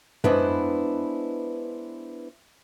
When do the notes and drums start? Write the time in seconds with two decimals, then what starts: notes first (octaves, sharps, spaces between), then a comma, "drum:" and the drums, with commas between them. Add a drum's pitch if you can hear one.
0.24 G#3 B3 D4 E4 B4 C5, drum: tom F#2